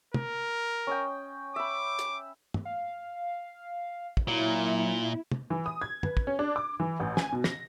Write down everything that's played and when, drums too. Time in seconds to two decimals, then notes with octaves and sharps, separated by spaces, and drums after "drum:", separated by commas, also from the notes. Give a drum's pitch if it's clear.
0.14 A#4, drum: tom
0.87 C#4 D#5 G5
1.56 E5 B5 D6
1.99 drum: hi-hat
2.54 drum: tom
2.65 F5
4.17 drum: kick
4.28 A#2 F#3 E4
5.32 drum: tom
5.50 E3
5.66 D#6
5.82 G#6
6.03 B4, drum: tom
6.17 drum: kick
6.27 C#4
6.39 D4
6.56 D6
6.80 E3
7.00 A1
7.17 G#5, drum: snare
7.33 B2
7.44 A#6, drum: snare